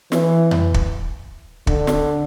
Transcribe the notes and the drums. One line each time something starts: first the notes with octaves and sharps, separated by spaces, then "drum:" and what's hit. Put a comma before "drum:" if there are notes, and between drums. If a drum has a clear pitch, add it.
E3, drum: snare
drum: tom F2
drum: kick
D3, drum: kick
drum: snare